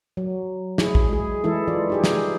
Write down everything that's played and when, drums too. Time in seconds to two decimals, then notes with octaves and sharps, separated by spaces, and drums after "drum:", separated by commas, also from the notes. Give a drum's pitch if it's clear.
0.17 F#3
0.78 E4 G#4, drum: snare
0.95 drum: kick
1.09 G#3 G#4
1.44 E3 G#3 E4 A4
1.67 E3 F4 D5
1.90 D#4 G4 G#4
2.04 drum: snare